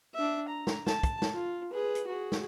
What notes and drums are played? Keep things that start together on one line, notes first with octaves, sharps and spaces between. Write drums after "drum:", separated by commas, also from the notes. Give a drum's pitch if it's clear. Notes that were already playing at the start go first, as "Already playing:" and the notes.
D4 E5
A#5
drum: snare
A5, drum: snare
drum: kick, hi-hat
drum: snare
F4
G#4 B4
drum: hi-hat
F#4 G#4
drum: snare